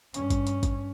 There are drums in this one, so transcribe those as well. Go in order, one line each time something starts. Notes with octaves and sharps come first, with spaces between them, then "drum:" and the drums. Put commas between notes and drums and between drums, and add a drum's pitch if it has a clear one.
G2 C#4, drum: hi-hat
drum: kick G#1, hi-hat
drum: hi-hat
drum: kick G#1, hi-hat